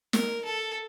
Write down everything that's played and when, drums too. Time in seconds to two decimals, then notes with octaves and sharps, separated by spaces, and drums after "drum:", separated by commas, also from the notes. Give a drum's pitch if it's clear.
0.13 A#4, drum: snare
0.45 A4